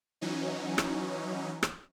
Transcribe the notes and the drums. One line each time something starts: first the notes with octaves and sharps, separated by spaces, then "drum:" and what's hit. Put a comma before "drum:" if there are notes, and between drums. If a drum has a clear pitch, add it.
E3 F#3 C#4 D#4
drum: rim click
drum: rim click